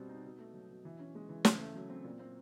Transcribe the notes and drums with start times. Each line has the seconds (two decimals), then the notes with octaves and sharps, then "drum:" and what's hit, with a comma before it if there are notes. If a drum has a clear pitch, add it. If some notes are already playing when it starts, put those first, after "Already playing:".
Already playing: B2 G3 C4
0.09 D#4
0.25 B2
0.39 A3
0.54 F#3
0.69 B2
0.85 E3
0.99 C#4
1.15 G#3
1.29 E3
1.45 C#3, drum: snare
1.60 A3
1.75 F#3
1.90 C4
2.04 A#2
2.19 C4